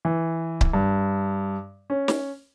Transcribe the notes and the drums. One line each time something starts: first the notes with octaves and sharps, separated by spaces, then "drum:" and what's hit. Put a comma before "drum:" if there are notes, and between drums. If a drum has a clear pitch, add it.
E3
drum: kick C#1
G2
C#4
drum: snare